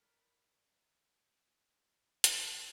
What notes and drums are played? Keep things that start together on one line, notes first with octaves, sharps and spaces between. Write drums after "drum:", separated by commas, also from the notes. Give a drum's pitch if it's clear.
A#4 B4 D5
drum: hi-hat